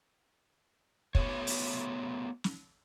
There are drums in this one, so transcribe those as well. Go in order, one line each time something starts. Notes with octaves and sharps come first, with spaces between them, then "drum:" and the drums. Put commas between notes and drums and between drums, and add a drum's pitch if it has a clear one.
A3 B3 F#4 G4 C#5, drum: kick
drum: open hi-hat
drum: snare